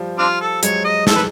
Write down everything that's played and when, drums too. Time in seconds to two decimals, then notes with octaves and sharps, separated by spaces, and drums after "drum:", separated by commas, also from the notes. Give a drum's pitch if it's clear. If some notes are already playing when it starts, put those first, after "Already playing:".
Already playing: F3 G3
0.18 C4 D4 F4
0.41 A4
0.63 F#3 G#3 C#5, drum: hi-hat
0.84 D#5
1.07 A4, drum: snare
1.16 B4